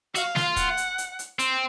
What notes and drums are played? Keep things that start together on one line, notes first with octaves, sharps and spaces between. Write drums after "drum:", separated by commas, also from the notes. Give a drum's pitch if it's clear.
F#4 F5, drum: hi-hat
F4, drum: snare
F#5, drum: kick, hi-hat
drum: hi-hat
drum: hi-hat
drum: hi-hat
C4, drum: hi-hat